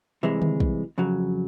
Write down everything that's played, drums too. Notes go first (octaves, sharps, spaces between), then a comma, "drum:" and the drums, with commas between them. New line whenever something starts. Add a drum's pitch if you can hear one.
C2 C3 E3 G#3
drum: tom D3
drum: kick
F2 C#3 F#3